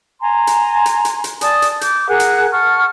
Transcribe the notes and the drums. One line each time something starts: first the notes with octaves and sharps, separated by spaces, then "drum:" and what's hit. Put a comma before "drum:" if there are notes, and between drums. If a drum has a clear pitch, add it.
G#5 A#5 C6
drum: hi-hat
drum: hi-hat
drum: hi-hat
drum: hi-hat
D5 G#5 A5 D#6, drum: hi-hat
drum: hi-hat
D6 G6, drum: hi-hat
G#4 A#4 F#5 F#6
drum: hi-hat
F#5 A5 C#6 F6